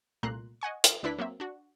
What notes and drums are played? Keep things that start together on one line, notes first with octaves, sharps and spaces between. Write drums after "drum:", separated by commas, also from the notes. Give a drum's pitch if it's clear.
C2 A#2 A3 A#5 C6 F#6
D#5 F#5 G#5 C#6
F6, drum: hi-hat
D2 D4 E4 B4 B6
F#3 A#3 C4 E5
D4 F#4